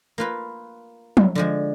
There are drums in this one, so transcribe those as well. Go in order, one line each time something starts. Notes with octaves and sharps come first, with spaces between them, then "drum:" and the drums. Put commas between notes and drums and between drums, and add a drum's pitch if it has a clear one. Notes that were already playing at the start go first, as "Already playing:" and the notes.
A#3 F4 B4
drum: tom
D3 F3 G#3